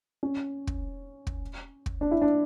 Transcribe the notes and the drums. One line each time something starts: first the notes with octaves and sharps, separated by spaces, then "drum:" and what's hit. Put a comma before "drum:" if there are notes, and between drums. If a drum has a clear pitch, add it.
C#4
drum: kick
drum: kick
drum: kick
D4
E4
D4